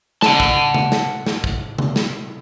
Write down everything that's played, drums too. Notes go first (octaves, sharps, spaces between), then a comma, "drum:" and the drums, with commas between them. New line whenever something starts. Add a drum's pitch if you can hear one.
F#5 A5, drum: snare
drum: kick
drum: tom C3
drum: snare
drum: snare
drum: kick
drum: tom C3
drum: snare